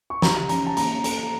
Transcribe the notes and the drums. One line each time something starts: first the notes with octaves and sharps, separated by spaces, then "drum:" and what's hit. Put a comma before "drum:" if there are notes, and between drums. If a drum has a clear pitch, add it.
C#6
G4 A#5, drum: snare
C#4 A#5, drum: hi-hat
A5
A#3 A#5, drum: hi-hat
A4 A#5, drum: hi-hat